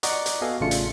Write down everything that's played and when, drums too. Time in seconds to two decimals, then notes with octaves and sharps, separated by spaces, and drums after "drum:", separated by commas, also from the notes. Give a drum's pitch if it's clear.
0.03 D5 D#5 F#5 A#5 C#6 D6, drum: hi-hat
0.26 drum: hi-hat
0.41 B3 F#4 A4 D#5 F5 G#5
0.60 A1 C#3 A3 D4 F4 C#7
0.71 drum: hi-hat